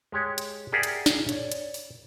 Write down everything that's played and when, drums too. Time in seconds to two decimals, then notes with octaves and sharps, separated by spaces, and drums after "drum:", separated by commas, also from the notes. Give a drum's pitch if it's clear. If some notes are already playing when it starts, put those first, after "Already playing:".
0.12 G#3 G4 C#5
0.38 drum: hi-hat
0.72 G4 G#4 A#4 D5 E5 F#5
0.83 drum: hi-hat
1.06 drum: snare
1.29 C#5 D5, drum: hi-hat
1.52 drum: hi-hat
1.74 drum: open hi-hat